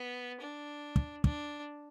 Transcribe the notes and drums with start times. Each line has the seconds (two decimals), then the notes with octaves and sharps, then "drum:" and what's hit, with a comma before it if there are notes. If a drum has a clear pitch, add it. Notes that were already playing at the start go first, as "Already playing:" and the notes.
Already playing: B3
0.40 D4
0.96 drum: kick
1.24 D4, drum: kick